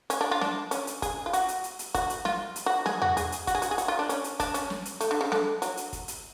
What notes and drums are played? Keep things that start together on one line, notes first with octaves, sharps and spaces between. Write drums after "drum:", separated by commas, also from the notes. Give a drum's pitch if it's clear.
C#4, drum: hi-hat
D4
F4
D4, drum: snare
C#4, drum: hi-hat
drum: hi-hat
G#4, drum: kick, hi-hat
F4
F#4, drum: hi-hat
drum: hi-hat
drum: hi-hat
drum: hi-hat
F#4, drum: kick, hi-hat
drum: hi-hat
F4, drum: snare
drum: hi-hat
F#4
G#4, drum: snare
F#4, drum: tom E2
G#4, drum: hi-hat
drum: hi-hat
F#4, drum: kick, hi-hat
G#4
F#4, drum: hi-hat
G#4
F#4, drum: hi-hat
F4
D4
C#4, drum: hi-hat
drum: hi-hat
D4, drum: kick, hi-hat
C#4, drum: hi-hat
drum: snare
drum: hi-hat
A3, drum: hi-hat
D3
C#3
D3, drum: snare
F#3, drum: hi-hat
drum: hi-hat
drum: kick, hi-hat
drum: hi-hat